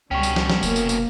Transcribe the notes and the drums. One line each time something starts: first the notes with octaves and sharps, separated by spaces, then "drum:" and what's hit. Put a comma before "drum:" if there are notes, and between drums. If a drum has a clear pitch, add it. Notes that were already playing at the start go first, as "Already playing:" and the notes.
C#2 B2 D3 G3 C#4 G5 C#6
drum: tambourine
drum: snare
drum: snare
F1 A#3, drum: tambourine
drum: tambourine
drum: tambourine